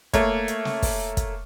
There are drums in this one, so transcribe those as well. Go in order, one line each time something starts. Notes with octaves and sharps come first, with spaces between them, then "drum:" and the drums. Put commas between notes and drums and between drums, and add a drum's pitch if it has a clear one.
A3 A#3 C#5, drum: kick, hi-hat
drum: hi-hat
drum: snare
drum: kick, open hi-hat
drum: kick, hi-hat